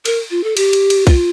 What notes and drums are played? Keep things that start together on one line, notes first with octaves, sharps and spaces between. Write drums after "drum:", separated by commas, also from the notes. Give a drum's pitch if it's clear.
A#4, drum: cymbal
F4
A4
G4, drum: cymbal
drum: cymbal
drum: cymbal
F4, drum: kick, cymbal